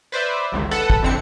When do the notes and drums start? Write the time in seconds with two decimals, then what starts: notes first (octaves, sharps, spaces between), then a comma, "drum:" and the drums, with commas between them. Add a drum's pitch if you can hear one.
0.12 B4 C5 D5 E5
0.52 G1 C#2 D#3
0.71 A4 B4 F#5
0.90 drum: kick
1.02 F2 D3 C4 E4 C#7